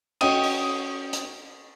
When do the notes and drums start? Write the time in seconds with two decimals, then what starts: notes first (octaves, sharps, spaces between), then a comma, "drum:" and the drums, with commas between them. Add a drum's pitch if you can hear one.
0.21 C#4 F#4 D#5 G5 D#6 D#7, drum: cymbal
0.43 drum: open hi-hat
1.13 drum: hi-hat